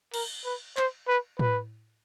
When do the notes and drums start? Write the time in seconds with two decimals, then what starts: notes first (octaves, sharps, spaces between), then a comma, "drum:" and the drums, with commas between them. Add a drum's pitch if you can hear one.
0.14 A#4, drum: cymbal
0.45 B4
0.77 C5, drum: clap
1.08 B4
1.39 B4, drum: tom A2